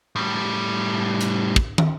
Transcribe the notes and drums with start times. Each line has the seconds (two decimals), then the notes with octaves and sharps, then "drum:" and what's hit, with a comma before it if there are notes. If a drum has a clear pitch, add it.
0.16 A2 G3
1.21 drum: hi-hat
1.56 drum: kick
1.78 drum: tom